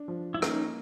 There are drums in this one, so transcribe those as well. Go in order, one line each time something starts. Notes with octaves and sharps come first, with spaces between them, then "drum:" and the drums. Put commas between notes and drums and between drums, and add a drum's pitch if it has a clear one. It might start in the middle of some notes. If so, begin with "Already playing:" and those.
Already playing: D4
F3
E4
A#3 C#4 D#4, drum: rim click